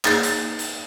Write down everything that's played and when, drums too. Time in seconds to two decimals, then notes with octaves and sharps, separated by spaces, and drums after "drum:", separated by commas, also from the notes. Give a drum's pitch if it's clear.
0.05 A#3 D#4 G#4 A6, drum: clap
0.23 drum: hi-hat
0.59 drum: hi-hat